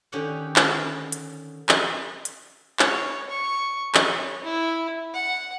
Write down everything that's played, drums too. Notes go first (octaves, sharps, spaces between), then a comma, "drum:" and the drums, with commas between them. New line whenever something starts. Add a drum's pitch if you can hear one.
D3 D#3 C#4 G4 F#5 G#5
drum: clap
drum: hi-hat
drum: clap
drum: hi-hat
C#5, drum: clap
C#6
C#5, drum: clap
E4
F#5